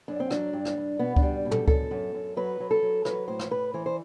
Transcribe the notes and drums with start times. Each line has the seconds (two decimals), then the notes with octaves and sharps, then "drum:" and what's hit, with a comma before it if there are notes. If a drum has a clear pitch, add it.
0.08 F#2 D4
0.20 C4
0.31 F#3 D4, drum: rim click
0.53 G2
0.65 drum: rim click
0.77 G2
0.99 B2 B3
1.16 D4, drum: kick C#2
1.23 G3
1.45 B2
1.51 A4, drum: tom
1.68 F#2 A4, drum: kick C#2
1.91 F#2
2.14 F#2
2.37 F#3 B4
2.60 F#3
2.71 A4
2.83 F#3
3.05 F#3 B4, drum: rim click
3.28 A2 C5
3.40 drum: rim click
3.51 A2 B4
3.74 E3 C5
3.86 C5